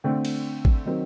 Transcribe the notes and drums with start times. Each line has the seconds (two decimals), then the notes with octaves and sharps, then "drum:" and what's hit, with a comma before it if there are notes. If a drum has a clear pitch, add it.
0.04 D3 A3 C4 G5
0.25 drum: cymbal
0.65 drum: kick
0.85 D#3 F#3 C4